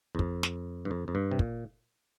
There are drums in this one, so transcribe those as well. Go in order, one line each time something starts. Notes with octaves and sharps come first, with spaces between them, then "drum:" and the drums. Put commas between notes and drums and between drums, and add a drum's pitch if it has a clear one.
E2
F2, drum: kick
drum: snare
G2
F2
F2
G2
C3
A#2, drum: kick